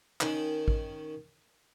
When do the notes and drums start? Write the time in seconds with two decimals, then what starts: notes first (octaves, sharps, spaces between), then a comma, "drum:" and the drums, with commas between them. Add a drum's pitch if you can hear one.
0.21 D#3 C#4, drum: clap
0.68 drum: kick A1